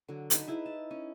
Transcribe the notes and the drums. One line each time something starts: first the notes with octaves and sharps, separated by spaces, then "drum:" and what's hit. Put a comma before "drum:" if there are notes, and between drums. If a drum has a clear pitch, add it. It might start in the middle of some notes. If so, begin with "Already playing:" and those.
D3 F#3
D#4 B4 A5, drum: hi-hat
D#4 E4 G#4
A5
C#4